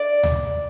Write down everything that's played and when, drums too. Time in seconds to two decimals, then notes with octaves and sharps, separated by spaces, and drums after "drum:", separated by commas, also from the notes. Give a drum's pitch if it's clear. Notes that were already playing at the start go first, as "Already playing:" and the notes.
Already playing: D5
0.23 drum: tom D2